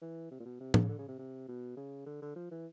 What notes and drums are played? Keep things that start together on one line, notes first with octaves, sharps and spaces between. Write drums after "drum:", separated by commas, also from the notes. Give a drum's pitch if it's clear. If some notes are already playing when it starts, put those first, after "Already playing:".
E3
C3
A#2
B2
C3
C#3, drum: tom A2
D3
C#3
C3
C3
B2
C#3
D3
D3
F3
E3